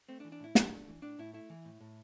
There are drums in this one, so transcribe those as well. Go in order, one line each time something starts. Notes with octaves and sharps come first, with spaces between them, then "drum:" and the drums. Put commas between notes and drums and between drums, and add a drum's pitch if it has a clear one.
A3 C4
D4
E3
D4
A2 E4
A2 D4, drum: snare
A3
E3
A2 D4
A2 E4
A3 E4
E3
A2
A2